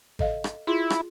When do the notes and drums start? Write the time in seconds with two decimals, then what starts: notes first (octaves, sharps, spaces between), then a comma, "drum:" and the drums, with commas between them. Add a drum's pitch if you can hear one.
0.19 A4 D#5 F5, drum: kick G#1
0.44 drum: rim click
0.67 E4 F4 G#4 C6
0.90 drum: rim click